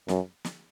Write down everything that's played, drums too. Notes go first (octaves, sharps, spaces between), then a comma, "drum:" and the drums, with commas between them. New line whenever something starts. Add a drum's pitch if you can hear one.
F#2, drum: snare
drum: snare